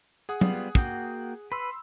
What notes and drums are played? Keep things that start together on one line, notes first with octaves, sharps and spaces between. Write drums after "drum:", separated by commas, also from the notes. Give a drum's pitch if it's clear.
G#4 F#5 D#6
G3 B3 F4, drum: tom
A#3 F#4 G5, drum: kick
B4 B5 C6 E6